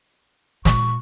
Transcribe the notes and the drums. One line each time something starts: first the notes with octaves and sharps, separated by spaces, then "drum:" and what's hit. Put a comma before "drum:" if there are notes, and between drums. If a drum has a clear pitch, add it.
A#2 G#3 C#6, drum: snare